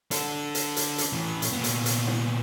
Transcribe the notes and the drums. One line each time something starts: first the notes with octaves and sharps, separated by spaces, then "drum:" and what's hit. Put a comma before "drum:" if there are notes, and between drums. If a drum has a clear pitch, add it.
D4 A4, drum: hi-hat
drum: hi-hat
drum: hi-hat
drum: hi-hat
A2 E3
drum: hi-hat
A#2 B3
drum: hi-hat
drum: hi-hat
drum: snare